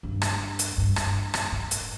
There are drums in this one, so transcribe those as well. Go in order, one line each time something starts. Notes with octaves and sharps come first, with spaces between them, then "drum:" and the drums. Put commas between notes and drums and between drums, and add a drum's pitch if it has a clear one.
G2
drum: rim click
drum: hi-hat
G2
drum: rim click
drum: rim click
G#2
drum: hi-hat